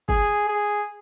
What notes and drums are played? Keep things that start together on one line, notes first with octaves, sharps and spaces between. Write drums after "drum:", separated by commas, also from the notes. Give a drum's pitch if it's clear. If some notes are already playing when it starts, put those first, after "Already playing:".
G#4, drum: kick
G#4